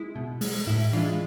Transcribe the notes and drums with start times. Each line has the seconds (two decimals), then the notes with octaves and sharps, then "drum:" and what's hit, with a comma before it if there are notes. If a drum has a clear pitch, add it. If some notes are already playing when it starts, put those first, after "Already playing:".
Already playing: G#3 E4
0.15 B2
0.41 G#3, drum: open hi-hat
0.67 A2 E4
0.93 E3 G#3 D4 F4